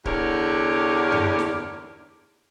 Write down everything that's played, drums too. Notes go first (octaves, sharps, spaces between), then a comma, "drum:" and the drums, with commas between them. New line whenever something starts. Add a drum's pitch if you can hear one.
E2 D3 G4 A#4 C#5 D5, drum: kick D1
drum: tom F#2
drum: snare